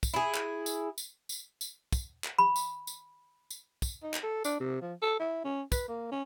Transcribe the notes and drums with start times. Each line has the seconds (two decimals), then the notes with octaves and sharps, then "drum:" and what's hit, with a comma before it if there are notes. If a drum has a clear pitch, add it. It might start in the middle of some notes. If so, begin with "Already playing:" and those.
0.03 drum: kick, tambourine
0.14 E4 G#4
0.34 drum: clap
0.66 drum: tambourine
0.98 drum: tambourine
1.29 drum: tambourine
1.61 drum: tambourine
1.92 drum: kick, tambourine
2.24 drum: clap
2.39 B5
2.56 drum: tambourine
2.87 drum: tambourine
3.51 drum: tambourine
3.82 drum: kick, tambourine
4.03 D#4
4.14 drum: clap
4.23 A4
4.44 D4, drum: tambourine
4.60 C3
4.81 F3
5.02 A4
5.20 E4
5.44 C#4
5.72 B4, drum: kick, tambourine
5.88 A#3
6.11 C#4